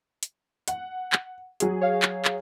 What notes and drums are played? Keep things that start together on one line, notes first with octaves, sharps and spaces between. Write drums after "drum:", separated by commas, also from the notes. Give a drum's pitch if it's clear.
drum: hi-hat
F#5, drum: hi-hat
drum: clap
F#3 G#4, drum: hi-hat
C#5 F5
drum: clap
drum: clap